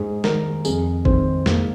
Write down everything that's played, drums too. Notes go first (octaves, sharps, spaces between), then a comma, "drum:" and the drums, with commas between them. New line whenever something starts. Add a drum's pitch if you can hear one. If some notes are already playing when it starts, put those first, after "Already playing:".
Already playing: G#2 G#4
D#3 A#4, drum: snare
F2 G#4, drum: tambourine
D#3 C4, drum: kick G#1
G#2 A#3, drum: snare